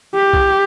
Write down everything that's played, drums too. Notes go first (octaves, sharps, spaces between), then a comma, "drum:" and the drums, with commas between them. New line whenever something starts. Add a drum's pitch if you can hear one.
G4
drum: kick C2